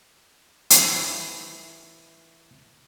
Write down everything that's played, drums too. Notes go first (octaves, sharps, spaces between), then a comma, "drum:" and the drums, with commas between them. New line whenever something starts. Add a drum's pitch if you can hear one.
E3 A3, drum: hi-hat